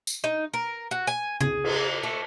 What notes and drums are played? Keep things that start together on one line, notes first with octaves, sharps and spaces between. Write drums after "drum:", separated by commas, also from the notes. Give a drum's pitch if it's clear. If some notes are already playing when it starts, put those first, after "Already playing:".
drum: tambourine
D#4
A#4
F#4
G#5
G#4, drum: tom C#3
drum: cymbal
A3